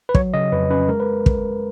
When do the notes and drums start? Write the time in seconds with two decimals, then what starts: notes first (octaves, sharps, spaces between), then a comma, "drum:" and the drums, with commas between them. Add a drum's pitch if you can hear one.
0.09 B4
0.15 F#3 C#5, drum: kick
0.34 C#3 D#5
0.52 F2 B4
0.70 C#4 B4
0.89 G#3 A#4
1.00 B4
1.26 drum: kick